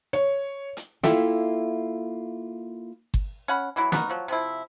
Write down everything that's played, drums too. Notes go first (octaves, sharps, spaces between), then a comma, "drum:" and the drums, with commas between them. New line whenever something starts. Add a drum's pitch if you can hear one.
C#5
drum: hi-hat
A#3 E4 F4 A4 E5 G5, drum: snare
drum: kick G1
C#4 F#5 B5
E3 F#3 E4
B3 D#4 F#4 A#4, drum: snare
F3 F#3
C3 F3 E4